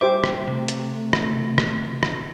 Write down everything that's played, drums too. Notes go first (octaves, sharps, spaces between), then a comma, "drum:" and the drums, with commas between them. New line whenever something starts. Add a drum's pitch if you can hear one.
G3 G4 C5 E5 D6
drum: rim click
C3 A3
drum: hi-hat
drum: rim click
drum: rim click
drum: rim click